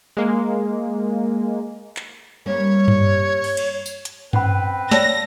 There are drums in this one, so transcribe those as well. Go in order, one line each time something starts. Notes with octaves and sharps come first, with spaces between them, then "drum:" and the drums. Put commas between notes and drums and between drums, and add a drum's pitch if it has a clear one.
G#3 A#3
drum: clap
G3 A#3 C#4 C#5
drum: tom G2
drum: open hi-hat
drum: cymbal
drum: tambourine
drum: hi-hat
C4 C#4 B4 F#5 B5, drum: tom G2
C#5 D5 F5 A5 E6 A#6, drum: snare